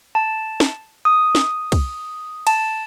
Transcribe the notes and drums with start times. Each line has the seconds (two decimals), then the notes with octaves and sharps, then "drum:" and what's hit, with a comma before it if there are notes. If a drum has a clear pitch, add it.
0.15 A5
0.60 drum: snare
1.05 D#6
1.35 drum: snare
1.72 drum: kick, cymbal
2.47 A5, drum: cymbal